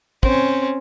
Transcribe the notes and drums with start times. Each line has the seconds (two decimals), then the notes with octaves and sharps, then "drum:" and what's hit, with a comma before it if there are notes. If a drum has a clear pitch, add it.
0.23 C4 C#4, drum: kick